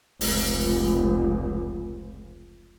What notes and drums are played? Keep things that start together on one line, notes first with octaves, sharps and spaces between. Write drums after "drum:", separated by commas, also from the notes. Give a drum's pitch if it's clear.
F1 C#2, drum: open hi-hat